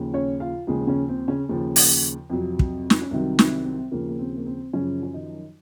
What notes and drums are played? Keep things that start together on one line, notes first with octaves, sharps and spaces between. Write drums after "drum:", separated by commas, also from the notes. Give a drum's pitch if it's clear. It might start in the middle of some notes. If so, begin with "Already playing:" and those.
Already playing: D#2 C#3 F3
C#4 C#5
F4 F5
D#2 C#3 F3 G#3 G#4
C#3 C#4
C4
C#3 C#4
D#2 C#3 F3
drum: open hi-hat
F2 C3 F#3
drum: kick
drum: snare
C#4
C2 C3 D#3 F#3 C4
C4, drum: snare
C4
D#2 C#3 F3 A#3
A#3
C4
A#3
C4
F#2 C#3 F3 C#4
C#4
D#3 D#4